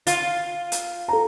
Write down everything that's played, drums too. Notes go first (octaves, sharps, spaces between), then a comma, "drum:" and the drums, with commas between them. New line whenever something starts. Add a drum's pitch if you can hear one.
F4, drum: hi-hat
drum: hi-hat
A4 A#5